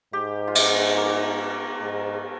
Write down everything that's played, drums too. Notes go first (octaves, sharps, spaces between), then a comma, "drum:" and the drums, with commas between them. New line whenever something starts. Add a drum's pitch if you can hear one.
G#2 G4
F4
G4, drum: cymbal
A#3
G#2